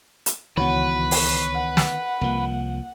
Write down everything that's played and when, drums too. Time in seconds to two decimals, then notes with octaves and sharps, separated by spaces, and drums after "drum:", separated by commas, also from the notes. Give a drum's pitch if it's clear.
0.26 drum: hi-hat
0.57 C#2 D#3 E3 B3 F#4 B4 C#5 F#5
1.11 C#6, drum: open hi-hat
1.54 F#5
1.77 drum: snare
2.21 C2 F3 A#3